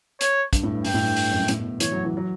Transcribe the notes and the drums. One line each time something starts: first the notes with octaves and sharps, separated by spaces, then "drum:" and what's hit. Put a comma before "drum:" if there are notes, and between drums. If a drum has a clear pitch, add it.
C#5, drum: hi-hat
G2, drum: kick, hi-hat
A2
G2
G2 G5, drum: open hi-hat
A2
G2
drum: open hi-hat
F#2
G2
A2, drum: hi-hat
B2
E3 C#5, drum: hi-hat
F#3
E3
F#3